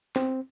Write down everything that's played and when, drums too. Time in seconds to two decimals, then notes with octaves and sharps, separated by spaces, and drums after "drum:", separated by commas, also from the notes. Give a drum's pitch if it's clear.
0.16 C4, drum: snare